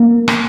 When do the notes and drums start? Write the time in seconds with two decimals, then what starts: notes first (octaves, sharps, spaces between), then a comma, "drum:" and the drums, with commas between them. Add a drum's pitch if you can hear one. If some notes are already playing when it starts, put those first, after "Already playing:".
Already playing: A#3
0.28 drum: rim click